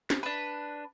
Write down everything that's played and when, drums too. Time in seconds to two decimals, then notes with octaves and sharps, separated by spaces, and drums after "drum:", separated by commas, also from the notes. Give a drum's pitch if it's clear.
0.10 drum: snare
0.23 D4 B4